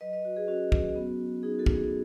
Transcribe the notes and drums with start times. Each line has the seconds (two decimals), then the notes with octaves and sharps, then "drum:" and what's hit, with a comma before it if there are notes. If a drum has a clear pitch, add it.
0.01 F#3 B4 D#5
0.13 B4 D#5
0.25 F#4
0.37 G#4
0.48 C#4 F#4
0.72 F#3, drum: kick
0.95 B3
1.20 F#4
1.43 D#4 G#4
1.59 F#4 A4
1.66 B3, drum: kick
1.75 G#4